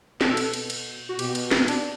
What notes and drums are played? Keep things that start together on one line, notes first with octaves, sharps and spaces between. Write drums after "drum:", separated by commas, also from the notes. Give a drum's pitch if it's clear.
B2 A4, drum: snare
drum: cymbal
drum: cymbal
drum: cymbal
F#4
B2 G4, drum: cymbal
drum: cymbal
drum: snare
D4, drum: cymbal